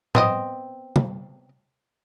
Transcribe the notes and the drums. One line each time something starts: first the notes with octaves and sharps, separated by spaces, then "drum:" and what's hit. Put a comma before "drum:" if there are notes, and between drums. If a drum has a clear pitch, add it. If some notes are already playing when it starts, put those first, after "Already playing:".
B3 C4 D#5, drum: tom A2
drum: tom